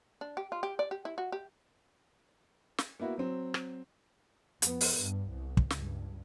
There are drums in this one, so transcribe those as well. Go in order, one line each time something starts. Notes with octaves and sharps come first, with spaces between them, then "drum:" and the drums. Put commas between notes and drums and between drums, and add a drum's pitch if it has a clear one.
D4
G4
F4
G4
D5
G4
E4
F#4
G4
drum: snare
A#3 B3 E4 F#4
F#3 C4
drum: rim click
F2 B3, drum: hi-hat
drum: open hi-hat
G2
C2
drum: kick
C#2 G2, drum: snare